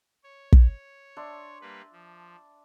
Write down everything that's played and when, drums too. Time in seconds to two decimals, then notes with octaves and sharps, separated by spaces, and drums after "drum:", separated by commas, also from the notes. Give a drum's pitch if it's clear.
0.23 C#5
0.53 drum: kick
1.17 D4 E5 C6
1.62 G3 A#3 B4
1.92 F3